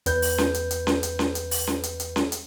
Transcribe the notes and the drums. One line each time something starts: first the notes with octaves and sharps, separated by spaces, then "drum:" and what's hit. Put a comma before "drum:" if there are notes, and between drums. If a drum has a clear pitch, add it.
E2 B4 G6, drum: hi-hat
drum: open hi-hat
drum: snare C#4
drum: hi-hat
drum: hi-hat
drum: snare C#4
drum: hi-hat
drum: snare C#4
drum: hi-hat
drum: open hi-hat
drum: snare C#4
drum: hi-hat
drum: hi-hat
drum: snare C#4
drum: hi-hat